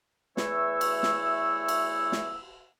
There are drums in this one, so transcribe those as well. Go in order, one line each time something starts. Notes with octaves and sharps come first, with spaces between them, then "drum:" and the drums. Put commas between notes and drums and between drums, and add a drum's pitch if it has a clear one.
E2 E3 A3 C#5 E6, drum: snare
drum: cymbal
drum: snare
drum: cymbal
drum: snare